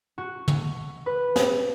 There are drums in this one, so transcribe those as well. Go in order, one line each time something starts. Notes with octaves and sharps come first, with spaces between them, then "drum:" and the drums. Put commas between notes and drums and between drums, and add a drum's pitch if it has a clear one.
F#4
drum: tom
B4
drum: snare